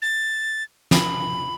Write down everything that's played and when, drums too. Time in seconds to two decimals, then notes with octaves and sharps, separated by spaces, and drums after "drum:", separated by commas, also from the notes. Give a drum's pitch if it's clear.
0.02 A6
0.91 B5, drum: snare